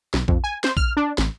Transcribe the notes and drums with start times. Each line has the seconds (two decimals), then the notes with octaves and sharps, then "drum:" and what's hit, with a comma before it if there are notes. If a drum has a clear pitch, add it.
0.14 B1, drum: snare
0.28 F2, drum: kick A#1
0.44 G#5
0.64 C5, drum: snare
0.77 F6, drum: kick A#1
0.97 D4
1.18 A1, drum: snare